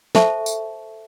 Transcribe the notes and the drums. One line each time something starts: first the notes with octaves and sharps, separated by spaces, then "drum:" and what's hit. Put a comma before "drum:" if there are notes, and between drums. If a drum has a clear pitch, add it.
A4 C5 E5 A5 C#6, drum: snare
drum: tambourine